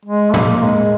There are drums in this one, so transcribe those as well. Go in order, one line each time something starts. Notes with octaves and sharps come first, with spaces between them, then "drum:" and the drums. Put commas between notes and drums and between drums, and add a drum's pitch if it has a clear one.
G#3
A#3, drum: tom A2
G#3